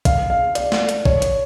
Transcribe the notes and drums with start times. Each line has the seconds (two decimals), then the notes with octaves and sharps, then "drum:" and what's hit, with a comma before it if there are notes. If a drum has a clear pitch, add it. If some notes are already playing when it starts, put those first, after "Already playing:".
0.05 F5, drum: kick, hi-hat
0.30 F5
0.55 D5, drum: hi-hat
0.72 drum: snare
0.89 drum: hi-hat
1.05 C#5, drum: kick
1.22 drum: hi-hat